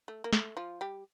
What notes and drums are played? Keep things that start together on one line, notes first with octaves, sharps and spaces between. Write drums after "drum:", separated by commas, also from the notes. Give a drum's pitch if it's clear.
A3
A#3
A3, drum: snare
F3 F4
G3 G4